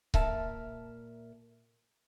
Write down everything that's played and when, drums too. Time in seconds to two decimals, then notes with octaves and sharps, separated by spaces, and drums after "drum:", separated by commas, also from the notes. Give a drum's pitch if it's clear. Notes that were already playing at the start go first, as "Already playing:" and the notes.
0.14 A#2 A#4 E5 A5, drum: kick C#1